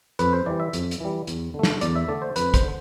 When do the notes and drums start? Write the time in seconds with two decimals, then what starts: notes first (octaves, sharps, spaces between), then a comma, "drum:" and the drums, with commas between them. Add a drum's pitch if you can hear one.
0.19 F2 B4, drum: hi-hat
0.33 C5
0.46 E3 G3 D5
0.60 E5
0.73 F2, drum: hi-hat
0.91 drum: hi-hat
1.00 E3 G3
1.27 E2, drum: hi-hat
1.54 D3 A3
1.63 drum: snare
1.81 E2 D5, drum: hi-hat
1.95 E5
2.08 D3 A3 D5
2.22 C5
2.36 F2 B4, drum: hi-hat
2.54 C5, drum: kick, hi-hat
2.63 D3